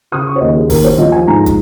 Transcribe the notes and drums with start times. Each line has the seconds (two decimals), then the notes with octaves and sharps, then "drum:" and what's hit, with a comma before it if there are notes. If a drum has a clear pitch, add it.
0.12 C#3 D#6
0.27 C#6
0.36 C#5
0.41 D#2 D#5
0.55 G#4
0.70 D#2 A#4, drum: kick, open hi-hat
0.84 C#5
0.98 F3 D#5
1.12 G#5
1.27 G#2 A#5
1.46 drum: kick, hi-hat